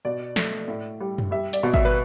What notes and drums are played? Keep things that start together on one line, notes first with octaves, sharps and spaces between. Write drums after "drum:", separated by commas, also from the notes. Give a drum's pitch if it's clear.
B2 D5
A3, drum: snare
A2
G3
drum: tom F#2
G3 E5
D5, drum: hi-hat
B2
E5, drum: kick G#1
B4